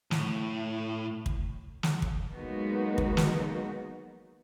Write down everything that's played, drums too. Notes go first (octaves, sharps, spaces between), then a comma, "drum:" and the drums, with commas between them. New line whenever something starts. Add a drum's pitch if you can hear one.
A2, drum: snare
drum: kick
drum: snare
drum: kick
F#3 G#3 A#3 B3 D#4 F#4
drum: kick
drum: snare